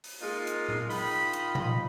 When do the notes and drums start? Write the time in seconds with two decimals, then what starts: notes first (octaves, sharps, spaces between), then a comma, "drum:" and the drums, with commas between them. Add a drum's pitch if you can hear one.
0.04 drum: open hi-hat
0.22 G#3 A#3 D#4 F4
0.47 drum: hi-hat
0.69 drum: tom A#2
0.90 D#3 F4 D#5 B5, drum: open hi-hat
1.33 drum: hi-hat
1.55 drum: tom A#2